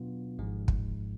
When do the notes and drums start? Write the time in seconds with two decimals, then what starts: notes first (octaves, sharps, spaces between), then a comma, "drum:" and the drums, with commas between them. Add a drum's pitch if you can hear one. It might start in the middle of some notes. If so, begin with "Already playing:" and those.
Already playing: B2 F#3 B3 D4 F4
0.38 G#1 G#2 F3 G#3
0.68 drum: kick